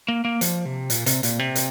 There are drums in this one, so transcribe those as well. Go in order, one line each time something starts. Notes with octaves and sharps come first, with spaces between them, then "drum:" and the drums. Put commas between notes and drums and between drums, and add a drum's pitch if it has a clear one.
A#3
A#3
F3, drum: hi-hat
C3
A#2, drum: hi-hat
C3, drum: hi-hat
A#2, drum: hi-hat
C3
drum: hi-hat